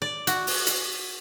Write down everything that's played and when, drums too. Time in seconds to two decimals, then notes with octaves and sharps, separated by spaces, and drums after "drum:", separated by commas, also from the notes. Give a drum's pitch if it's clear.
0.02 D5
0.27 F#4, drum: hi-hat
0.47 drum: open hi-hat
0.67 drum: hi-hat